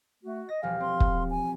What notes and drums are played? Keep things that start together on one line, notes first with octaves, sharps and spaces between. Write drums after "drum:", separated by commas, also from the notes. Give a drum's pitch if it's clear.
A3 F#4
D#5 A#6
E1 F3 G3 F5 G#5
C4 C6
drum: kick
G#5